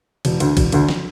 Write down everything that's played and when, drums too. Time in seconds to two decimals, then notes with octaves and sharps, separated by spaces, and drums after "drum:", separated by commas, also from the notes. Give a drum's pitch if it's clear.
0.25 E1, drum: cymbal
0.40 D2 D3, drum: cymbal
0.57 E1, drum: kick, cymbal
0.72 D2 D3, drum: cymbal
0.89 drum: snare